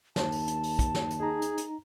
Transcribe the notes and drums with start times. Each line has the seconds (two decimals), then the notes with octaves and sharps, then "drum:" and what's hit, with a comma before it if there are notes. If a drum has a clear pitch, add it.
0.16 D#2 A5, drum: snare
0.32 drum: open hi-hat
0.47 drum: hi-hat
0.63 drum: open hi-hat
0.79 drum: kick, hi-hat
0.95 drum: snare
1.10 drum: hi-hat
1.20 D#4 G#4 A#5
1.42 drum: hi-hat
1.57 drum: hi-hat